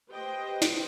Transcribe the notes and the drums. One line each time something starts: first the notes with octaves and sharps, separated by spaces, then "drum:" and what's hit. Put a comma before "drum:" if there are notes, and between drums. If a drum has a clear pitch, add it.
G4 B4 C5 D#5 G5
drum: snare